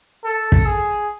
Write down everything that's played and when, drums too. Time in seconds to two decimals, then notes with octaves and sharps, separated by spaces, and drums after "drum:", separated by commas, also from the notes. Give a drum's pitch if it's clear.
0.25 A4
0.52 drum: kick
0.66 G#4